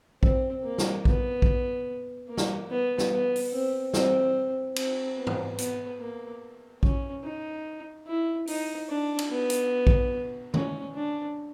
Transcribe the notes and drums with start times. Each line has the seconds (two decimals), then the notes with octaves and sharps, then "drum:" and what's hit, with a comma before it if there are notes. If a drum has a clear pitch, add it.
0.23 C4, drum: kick A#1
0.64 A#3
0.78 drum: snare
1.05 B3, drum: kick A#1
1.42 drum: kick A#1
2.28 A#3
2.37 drum: snare
2.70 B3
2.98 drum: snare
3.12 B3
3.36 drum: open hi-hat
3.53 C4
3.94 C4, drum: snare
4.76 C4, drum: cymbal
5.17 B3
5.27 drum: tom G#2
5.58 B3, drum: hi-hat
6.00 A#3
6.83 C#4, drum: kick A#1
7.24 D#4
8.07 E4
8.47 D#4, drum: open hi-hat
8.89 D4
9.19 drum: cymbal
9.30 B3
9.50 drum: hi-hat
9.87 drum: kick A#1
10.54 C#4, drum: tom D3
10.95 D4